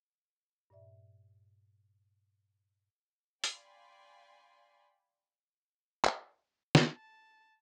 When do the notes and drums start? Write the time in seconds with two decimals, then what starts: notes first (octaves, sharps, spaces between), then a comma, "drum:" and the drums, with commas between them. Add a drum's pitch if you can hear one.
0.70 G2 A#2 D5 E5
3.44 D5 F5 G5 G#5 B5 C6, drum: hi-hat
6.05 drum: clap
6.75 drum: snare
6.94 A5